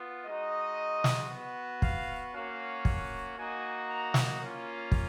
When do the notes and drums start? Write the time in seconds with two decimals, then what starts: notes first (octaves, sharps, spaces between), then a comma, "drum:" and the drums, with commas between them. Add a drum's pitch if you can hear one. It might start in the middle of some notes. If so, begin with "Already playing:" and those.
Already playing: B3 F4
0.26 G#3 D#4 F#4 D#5
1.04 drum: snare
1.29 B3 F#4
1.82 F5, drum: kick
2.33 A#3 C#4 F#4 F5
2.85 drum: kick
3.36 A#3 D#4 F#4 G#5
3.88 A#5
4.14 drum: snare
4.40 A#3 C#4 F4
4.92 drum: kick